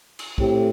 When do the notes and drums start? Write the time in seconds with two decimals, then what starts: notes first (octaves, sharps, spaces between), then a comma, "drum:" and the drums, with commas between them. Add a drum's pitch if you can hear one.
0.19 drum: cymbal
0.38 A2 A3 C4 G4, drum: kick